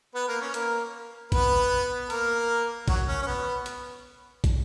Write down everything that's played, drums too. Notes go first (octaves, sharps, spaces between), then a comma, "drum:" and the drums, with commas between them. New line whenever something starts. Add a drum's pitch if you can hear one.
B3 B4
A#3 A#4
C#4 C#5
A#3 A#4, drum: hi-hat
B3 B4, drum: kick, hi-hat
A#3 A#4, drum: hi-hat
F#3 F#4, drum: kick, hi-hat
C#4
C#4
B3
drum: hi-hat
drum: kick, hi-hat